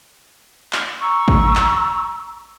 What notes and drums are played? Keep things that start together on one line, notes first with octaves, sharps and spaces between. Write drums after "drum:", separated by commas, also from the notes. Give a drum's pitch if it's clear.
drum: clap
A#5 C#6 E6
drum: kick A1
drum: clap